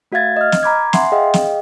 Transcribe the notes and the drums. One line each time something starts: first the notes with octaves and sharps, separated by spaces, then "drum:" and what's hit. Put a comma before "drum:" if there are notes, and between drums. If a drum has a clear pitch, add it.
A3 F#4 E5 F5 G#6 A6
D#5 F6
drum: snare
A#5 B5 D6 G#6
E5 F#5 G#5 C6 C7, drum: snare
G#4 D#5 F5 G5
drum: snare